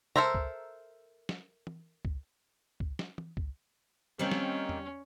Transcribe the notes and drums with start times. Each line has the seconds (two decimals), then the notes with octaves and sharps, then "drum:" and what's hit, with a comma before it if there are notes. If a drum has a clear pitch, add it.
0.16 A4 A#4 C5 E5 A#5, drum: tom
0.34 drum: kick C#2
1.29 drum: snare
1.67 drum: tom E3
2.05 drum: kick C#2
2.80 drum: kick C#2
2.99 drum: snare
3.18 drum: tom E3
3.37 drum: kick C#2
4.19 D#3 G3 A#3 C4 C#4
4.31 drum: snare
4.69 drum: tom E2